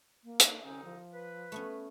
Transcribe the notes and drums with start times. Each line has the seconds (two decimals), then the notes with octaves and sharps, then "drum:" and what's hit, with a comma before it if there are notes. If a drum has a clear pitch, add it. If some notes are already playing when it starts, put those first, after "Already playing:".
0.24 A#3
0.40 drum: hi-hat
0.63 C2 D3 C#4 D#4
0.85 F3
1.12 B4
1.52 A3 B3 C#4